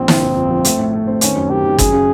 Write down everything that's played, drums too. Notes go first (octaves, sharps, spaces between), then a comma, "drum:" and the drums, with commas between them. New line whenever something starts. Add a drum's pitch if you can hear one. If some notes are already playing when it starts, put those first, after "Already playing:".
Already playing: A#1 C4
G1, drum: snare
G1
F2
F3
A3, drum: hi-hat
A2
A3
C4
D#3 C#4, drum: hi-hat
F#2
D#3 G4
D#3
F#2 G#4, drum: kick, hi-hat
C#3